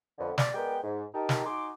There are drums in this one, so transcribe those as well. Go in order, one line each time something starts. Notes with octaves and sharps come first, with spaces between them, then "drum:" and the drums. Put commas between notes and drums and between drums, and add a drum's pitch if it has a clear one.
F2 D3 B3
D5, drum: snare
G#3 B3 A#4 D5 G5
G#2
D#4 G4 A#4 A5
drum: snare
D#4 F#4 G#5 C6 D6